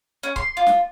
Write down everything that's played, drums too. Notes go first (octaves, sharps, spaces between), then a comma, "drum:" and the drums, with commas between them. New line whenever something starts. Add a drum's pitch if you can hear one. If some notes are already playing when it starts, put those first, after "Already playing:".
C#4
C6, drum: kick C#1
F4
drum: snare